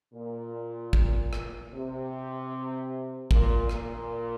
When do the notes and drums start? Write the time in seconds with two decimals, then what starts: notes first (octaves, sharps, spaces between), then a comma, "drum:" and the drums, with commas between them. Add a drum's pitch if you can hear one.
0.14 A#2
0.93 drum: kick
1.33 drum: rim click
1.72 C3
3.31 A#2, drum: kick
3.69 A#2, drum: rim click